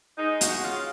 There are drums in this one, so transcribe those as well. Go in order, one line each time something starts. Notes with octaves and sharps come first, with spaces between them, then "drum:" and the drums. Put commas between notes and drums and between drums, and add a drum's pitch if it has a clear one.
G#3 D#4
F#4, drum: hi-hat
C#3 F4